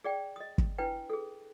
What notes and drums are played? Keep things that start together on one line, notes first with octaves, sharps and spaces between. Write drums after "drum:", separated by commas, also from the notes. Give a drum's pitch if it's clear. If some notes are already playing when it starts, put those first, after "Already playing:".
G#4 D5 G5
D#5 D#6
drum: kick
D4 E4 B4 G5
G#4 A4